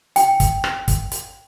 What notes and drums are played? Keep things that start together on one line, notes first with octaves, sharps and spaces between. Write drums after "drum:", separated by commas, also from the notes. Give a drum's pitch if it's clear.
G5, drum: hi-hat
drum: kick, hi-hat
drum: rim click
drum: kick, hi-hat
drum: hi-hat